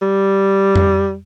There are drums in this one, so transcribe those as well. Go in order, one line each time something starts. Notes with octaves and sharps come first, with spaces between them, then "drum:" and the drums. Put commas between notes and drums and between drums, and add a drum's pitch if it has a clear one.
G3
drum: tom F2